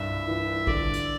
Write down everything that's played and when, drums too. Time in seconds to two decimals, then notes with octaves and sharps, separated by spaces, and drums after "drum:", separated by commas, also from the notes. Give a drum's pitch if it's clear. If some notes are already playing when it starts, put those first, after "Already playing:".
Already playing: C2 G2 E5
0.28 E3
0.67 D3 D5, drum: kick G#1
0.94 drum: hi-hat